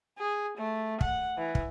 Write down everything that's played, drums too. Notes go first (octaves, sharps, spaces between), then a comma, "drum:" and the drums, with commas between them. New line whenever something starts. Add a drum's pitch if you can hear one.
G#4
A3
F#5, drum: kick
E3
drum: kick